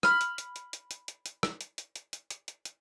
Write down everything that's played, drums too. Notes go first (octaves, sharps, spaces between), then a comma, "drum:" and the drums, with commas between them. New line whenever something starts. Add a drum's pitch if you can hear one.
B5 F6, drum: rim click
drum: hi-hat
drum: hi-hat
drum: hi-hat
drum: hi-hat
drum: hi-hat
drum: hi-hat
drum: hi-hat
drum: rim click
drum: hi-hat
drum: hi-hat
drum: hi-hat
drum: hi-hat
drum: hi-hat
drum: hi-hat
drum: hi-hat